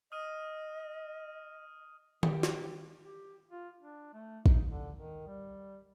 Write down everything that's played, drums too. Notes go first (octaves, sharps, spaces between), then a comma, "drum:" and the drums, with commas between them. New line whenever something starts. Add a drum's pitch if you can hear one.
D#5 D#6 F6 D#7
E3 G3 G4, drum: tom D#3
drum: snare
G4
F4
D4
A3
D#4, drum: kick
D3
D#3
G3